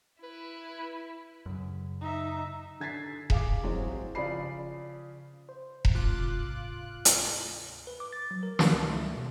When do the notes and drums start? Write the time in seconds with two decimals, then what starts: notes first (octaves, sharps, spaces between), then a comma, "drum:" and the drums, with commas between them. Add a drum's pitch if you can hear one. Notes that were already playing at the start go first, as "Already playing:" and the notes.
0.23 E4 B4
1.46 F#2 C#3
2.01 D#4 E5
2.80 D3 G#6 A6 B6 C7
3.30 G#4 F5 D6, drum: kick E1
3.63 E3 F#3 G#3 C4
4.15 C#3 F3 G#4 D5 B5 C7
5.49 C5
5.85 drum: kick E1
5.95 D2 G#2 C3 F4 D6 F#6
7.05 drum: hi-hat
7.87 B4
8.00 D6
8.13 A6
8.31 F#3
8.43 A#4
8.59 B4, drum: snare
8.73 C#2
8.90 A3
9.04 G3
9.16 B2